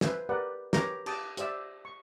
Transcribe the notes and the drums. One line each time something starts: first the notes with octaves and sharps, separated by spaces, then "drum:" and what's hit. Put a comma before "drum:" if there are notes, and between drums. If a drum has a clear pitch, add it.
B4 C5 E5 G#5, drum: snare
G4 A#4 B4 D5 F#5
G4 A#4 B4 C#5 A#5 D6, drum: snare
G4 A5 D6 D#6, drum: cymbal
G4 C5 D5 E5 E6, drum: hi-hat
C#6